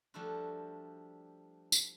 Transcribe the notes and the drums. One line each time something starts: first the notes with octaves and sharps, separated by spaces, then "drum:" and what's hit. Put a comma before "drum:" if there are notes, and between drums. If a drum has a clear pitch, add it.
F3 G3 A3 D4 E4 F#4
drum: tambourine